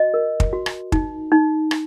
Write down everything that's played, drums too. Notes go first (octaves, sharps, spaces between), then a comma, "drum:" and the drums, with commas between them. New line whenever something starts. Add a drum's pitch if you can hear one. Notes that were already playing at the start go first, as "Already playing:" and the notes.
Already playing: F#4 D#5
A#4
drum: kick
F#4
drum: rim click
D#4, drum: kick
D#4
drum: rim click